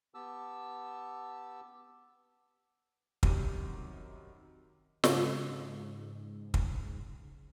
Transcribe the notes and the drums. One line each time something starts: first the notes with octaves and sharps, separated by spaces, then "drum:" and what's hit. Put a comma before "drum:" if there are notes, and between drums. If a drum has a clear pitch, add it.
B3 G4 A5 E6
F#2 C3 D#3 G3 D6 D#7, drum: kick
G#2 C#3, drum: snare
drum: kick